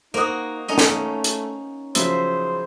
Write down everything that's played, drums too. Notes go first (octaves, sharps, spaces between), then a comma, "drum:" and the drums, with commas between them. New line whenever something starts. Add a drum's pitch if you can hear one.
A#3 D#4 F#4 C5 D#6
A3 C#4 D#4 D#5
drum: snare
drum: hi-hat
C#3 F3 F#3 C5 E5, drum: hi-hat